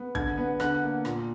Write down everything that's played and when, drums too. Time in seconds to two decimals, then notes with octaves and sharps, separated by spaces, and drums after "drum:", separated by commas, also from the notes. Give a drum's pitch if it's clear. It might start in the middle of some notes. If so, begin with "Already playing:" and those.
Already playing: B3
0.15 D3 G#6, drum: kick
0.38 B3
0.60 D3 F#6, drum: rim click
0.83 A#3
1.05 A#2, drum: rim click